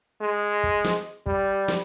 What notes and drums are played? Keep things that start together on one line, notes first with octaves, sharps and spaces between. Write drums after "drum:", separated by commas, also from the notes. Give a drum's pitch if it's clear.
G#3
drum: kick
drum: snare
G3, drum: kick
drum: snare